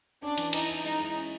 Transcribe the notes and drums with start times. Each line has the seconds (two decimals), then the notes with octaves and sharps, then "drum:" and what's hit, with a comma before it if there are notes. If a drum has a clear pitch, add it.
0.22 C#4 D4
0.38 E3, drum: hi-hat
0.53 D#4 E4, drum: cymbal
0.69 E4
0.84 G#3 D#4
1.00 E4
1.15 C#4